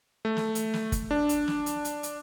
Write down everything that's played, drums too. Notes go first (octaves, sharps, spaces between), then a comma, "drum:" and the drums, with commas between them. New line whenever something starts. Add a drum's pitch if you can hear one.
A3
drum: snare
drum: hi-hat
drum: snare
drum: kick, hi-hat
D4
drum: hi-hat
drum: snare
drum: hi-hat
drum: hi-hat
drum: hi-hat